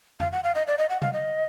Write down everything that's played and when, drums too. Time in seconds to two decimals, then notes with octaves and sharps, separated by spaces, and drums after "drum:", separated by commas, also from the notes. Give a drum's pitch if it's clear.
0.20 F5, drum: tom F2
0.32 F#5
0.44 F5
0.55 D#5
0.67 D5
0.78 D#5
0.89 F#5
1.02 F5, drum: tom C3
1.13 D#5